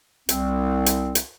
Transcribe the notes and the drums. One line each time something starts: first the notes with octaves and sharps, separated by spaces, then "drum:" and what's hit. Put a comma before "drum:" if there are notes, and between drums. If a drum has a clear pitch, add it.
C2 C4, drum: hi-hat
drum: hi-hat
drum: hi-hat